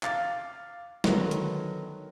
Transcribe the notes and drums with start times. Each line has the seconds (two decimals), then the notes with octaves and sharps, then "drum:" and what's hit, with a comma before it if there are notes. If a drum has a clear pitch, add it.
0.03 F5 D6 A6, drum: clap
1.04 D3 D#3 F#3 B3, drum: snare
1.31 drum: hi-hat